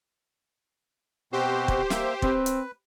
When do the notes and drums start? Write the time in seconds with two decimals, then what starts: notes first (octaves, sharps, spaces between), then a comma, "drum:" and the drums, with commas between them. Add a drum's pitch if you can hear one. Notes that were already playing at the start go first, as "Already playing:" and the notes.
1.33 B2 C4 F#4 G4 C5
1.68 drum: kick
1.90 A#3 E5, drum: snare
2.22 C4 B4, drum: kick
2.46 drum: hi-hat